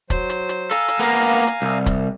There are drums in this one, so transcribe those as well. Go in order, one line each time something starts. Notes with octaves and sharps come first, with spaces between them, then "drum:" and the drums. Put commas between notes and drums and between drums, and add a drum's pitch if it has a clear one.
F#3 C5, drum: kick, hi-hat
drum: hi-hat
drum: hi-hat
A4 F5 G#5 A#5, drum: hi-hat
drum: hi-hat
A#3 B3
drum: hi-hat
C2
drum: kick, hi-hat